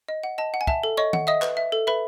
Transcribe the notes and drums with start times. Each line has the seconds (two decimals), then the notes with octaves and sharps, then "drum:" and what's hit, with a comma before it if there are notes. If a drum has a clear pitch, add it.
0.08 D#5
0.23 F#5
0.38 D#5 A5
0.54 F#5
0.61 G#5
0.67 E5 A5, drum: kick
0.83 A4
0.97 C#5 D#5 C#6
1.13 F#5, drum: tom D#3
1.27 D#5 E5 D#6
1.42 B4, drum: clap
1.57 E5
1.72 A4
1.87 B4 E5 B5